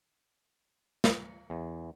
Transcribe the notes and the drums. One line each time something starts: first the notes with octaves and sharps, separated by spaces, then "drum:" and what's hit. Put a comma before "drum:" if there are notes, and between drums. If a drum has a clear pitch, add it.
drum: snare
E2